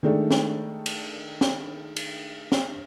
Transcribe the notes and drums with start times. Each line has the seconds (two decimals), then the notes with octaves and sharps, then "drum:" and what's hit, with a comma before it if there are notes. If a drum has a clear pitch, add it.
0.03 D#3 G#3 A3 D4
0.31 drum: snare
0.86 drum: cymbal
1.41 drum: snare
1.96 drum: cymbal
2.52 drum: snare